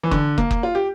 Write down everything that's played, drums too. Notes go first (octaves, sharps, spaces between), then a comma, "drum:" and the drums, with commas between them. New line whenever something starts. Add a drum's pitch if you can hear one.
E3
D3, drum: kick
A#3, drum: kick
drum: kick
F4
G4